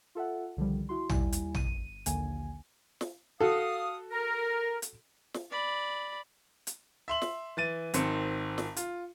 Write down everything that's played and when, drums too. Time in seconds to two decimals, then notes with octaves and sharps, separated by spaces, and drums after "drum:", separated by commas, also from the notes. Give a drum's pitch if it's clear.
0.15 F4 A4 E5 F#5
0.57 C2 D3 D#3 F3 G3
0.89 E4 F#4 C6
1.09 D#2 G3 E4 G#5, drum: tom A#1
1.32 drum: hi-hat
1.54 G1 D#7, drum: tom A#1
2.06 A#1 D#2 D3 A#3 G#5, drum: hi-hat
3.01 drum: snare
3.41 F#4 A4 F5 D#6
4.11 A#4
4.82 drum: hi-hat
5.34 drum: snare
5.51 D5 B5
6.67 drum: hi-hat
7.08 E5 C6 F#7
7.22 drum: snare
7.57 E3 A6 D#7
7.94 G#1 D#3 C4 C#7, drum: hi-hat
8.58 drum: snare
8.77 F4, drum: hi-hat